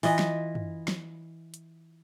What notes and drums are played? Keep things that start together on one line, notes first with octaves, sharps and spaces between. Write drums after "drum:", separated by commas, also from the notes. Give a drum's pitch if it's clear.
E3 F4 D#5, drum: open hi-hat
drum: snare
drum: tom
drum: snare
drum: hi-hat